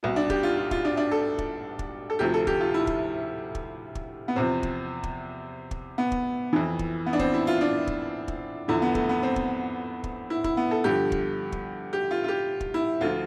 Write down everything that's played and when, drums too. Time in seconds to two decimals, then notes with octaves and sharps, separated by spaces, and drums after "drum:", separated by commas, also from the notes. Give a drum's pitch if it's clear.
0.03 C2 B2
0.16 D4
0.30 G4, drum: kick
0.43 F4
0.57 F4
0.71 F4, drum: kick
0.85 D4
0.97 D4
1.11 A4
1.38 drum: kick
1.79 drum: kick
2.10 A4
2.19 D2 C3 F3 G4
2.34 A4
2.47 G4, drum: kick
2.61 F4
2.74 E4
2.87 drum: kick
3.55 drum: kick
3.95 drum: kick
4.28 B3
4.36 E2 C3 F3 C4
4.63 drum: kick
5.03 drum: kick
5.71 drum: kick
5.98 B3
6.12 drum: kick
6.53 F2 E3
6.79 drum: kick
7.06 B3
7.13 D4
7.19 C4, drum: kick
7.34 E4
7.47 F4
7.61 D4
7.87 drum: kick
8.28 drum: kick
8.68 E2 D3 F3 E4
8.82 B3
8.95 A3, drum: kick
9.09 B3
9.23 C4
9.36 drum: kick
10.04 drum: kick
10.30 E4
10.44 E4, drum: kick
10.57 B3
10.71 A4
10.84 G2 D3 F3 G4
11.12 drum: kick
11.52 drum: kick
11.93 G4
12.11 F4
12.24 F4
12.28 G4
12.60 drum: kick
12.74 E4
13.01 D2 D3 F3 F4